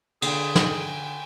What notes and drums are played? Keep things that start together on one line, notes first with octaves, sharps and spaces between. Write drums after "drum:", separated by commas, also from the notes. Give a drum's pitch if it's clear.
D3 G#4 G5 G#5, drum: cymbal
drum: snare